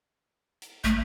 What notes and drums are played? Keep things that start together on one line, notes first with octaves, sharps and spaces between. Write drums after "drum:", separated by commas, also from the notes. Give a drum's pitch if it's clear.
drum: hi-hat
A3, drum: kick